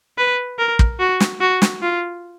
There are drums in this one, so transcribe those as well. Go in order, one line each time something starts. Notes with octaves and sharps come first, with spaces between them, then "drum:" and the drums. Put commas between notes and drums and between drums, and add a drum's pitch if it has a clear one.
B4
A#4
drum: kick
F#4
drum: snare
F#4
drum: snare
F4